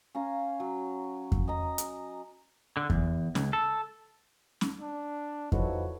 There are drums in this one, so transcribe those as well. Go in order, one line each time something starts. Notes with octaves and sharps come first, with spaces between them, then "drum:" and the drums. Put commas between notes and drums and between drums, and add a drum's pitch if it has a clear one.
C#4 F5 A#5
F#3
drum: kick F2
D#5 A#5
drum: hi-hat
D3
E2, drum: kick F2
C#2, drum: snare C#4
A4
drum: snare C#4
D4
F3 D#4 E4 F#4 A4 B4 C#5, drum: kick F2